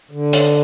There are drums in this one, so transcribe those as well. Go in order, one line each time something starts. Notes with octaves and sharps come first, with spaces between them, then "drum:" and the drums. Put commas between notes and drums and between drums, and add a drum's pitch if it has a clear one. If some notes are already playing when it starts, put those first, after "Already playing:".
D3
drum: hi-hat